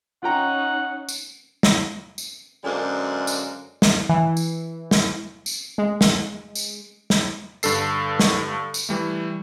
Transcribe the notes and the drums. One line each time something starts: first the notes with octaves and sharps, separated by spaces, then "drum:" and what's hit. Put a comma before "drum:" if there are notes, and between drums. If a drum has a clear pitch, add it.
C#4 D#4 F4 F#5 G5 A#5
drum: tambourine
drum: snare
drum: tambourine
F#2 D3 G#3 A#3 C5 D5
drum: tambourine
drum: snare
E3
drum: tambourine
drum: snare
drum: tambourine
G#3
drum: snare
drum: tambourine
drum: snare
G2 D3 A4 C7, drum: tambourine
drum: snare
drum: tambourine
E3 G3 A3